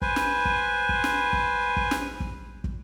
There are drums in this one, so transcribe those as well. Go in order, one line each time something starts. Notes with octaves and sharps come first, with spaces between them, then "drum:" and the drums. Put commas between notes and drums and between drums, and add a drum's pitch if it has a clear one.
B4 C5 G#5, drum: kick
drum: snare
drum: kick
drum: kick
drum: snare
drum: kick
drum: kick
drum: snare
drum: kick
drum: kick